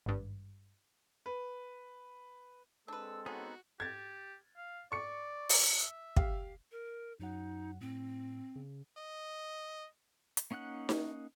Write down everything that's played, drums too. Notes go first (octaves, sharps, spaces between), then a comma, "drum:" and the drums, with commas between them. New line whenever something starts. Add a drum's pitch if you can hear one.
G#1 G2
B4
G#3 C4 D4 A4 B4 E6
B3 C#4 D#4 F#4 G#4
G4 G#6 A6
F5
D5 C#6 C#7
drum: open hi-hat
E5
G4 F5, drum: kick
A#4
F#2 F#3 D#4 F#5
A2 C4
C#3
D#5
drum: hi-hat
A#3 C#4 D#4 F#5 F#6
drum: snare D#4